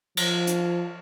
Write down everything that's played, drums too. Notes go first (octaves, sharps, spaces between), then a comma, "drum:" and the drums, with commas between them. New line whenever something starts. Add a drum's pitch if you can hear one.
F3, drum: cymbal
drum: hi-hat